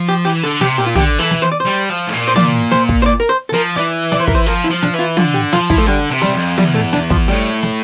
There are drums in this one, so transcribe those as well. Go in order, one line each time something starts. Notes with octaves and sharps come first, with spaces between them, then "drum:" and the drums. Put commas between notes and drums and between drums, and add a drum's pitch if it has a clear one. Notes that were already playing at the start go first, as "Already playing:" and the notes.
Already playing: F3
G4
E3 G4
D3 A4
C3 G4, drum: snare
A#2 G4
F4
D3 G4, drum: tom
E3 A4
drum: snare
C5
D5
C5
G3
F3
A2
A#2
C5
A#2 D5, drum: tom
C5, drum: snare
drum: kick
C5
D5
A#4
C5
A4
F3 A#4
E3 D5
D5, drum: snare
C5
A#4, drum: kick
C5
F3 A#4
E4
F3
D4, drum: snare
E3 F4
D3 F4, drum: tom
G4
F3 F4, drum: snare
E4, drum: kick
A3
D3 G3
C3
G3, drum: snare
F2
E2 G3, drum: tom
A3
D4, drum: snare
F3, drum: kick
A2 G3
drum: snare